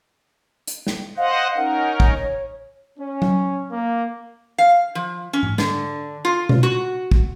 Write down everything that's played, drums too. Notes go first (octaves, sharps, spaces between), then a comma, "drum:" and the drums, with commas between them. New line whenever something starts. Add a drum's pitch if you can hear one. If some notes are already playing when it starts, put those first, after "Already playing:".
drum: hi-hat
drum: snare
C5 D#5 F5 F#5
C#4 D#4 A#4 F#5
drum: kick
C#5
C#4
drum: tom F#3
A#3
F5
F3
C#4
drum: tom G#2
D3, drum: snare
F4
drum: tom B2
F#4
drum: kick